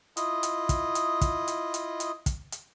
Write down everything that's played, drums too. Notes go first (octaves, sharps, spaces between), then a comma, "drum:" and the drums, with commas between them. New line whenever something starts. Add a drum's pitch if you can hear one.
E4 F4 D#5 D#6, drum: hi-hat
drum: hi-hat
drum: kick, hi-hat
drum: hi-hat
drum: kick, hi-hat
drum: hi-hat
drum: hi-hat
drum: hi-hat
drum: kick, hi-hat
drum: hi-hat